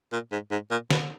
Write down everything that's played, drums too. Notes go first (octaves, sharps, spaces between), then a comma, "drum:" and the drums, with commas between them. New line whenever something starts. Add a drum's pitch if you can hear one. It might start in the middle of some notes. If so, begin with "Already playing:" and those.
A#2
G#2
G#2
A#2
B2, drum: snare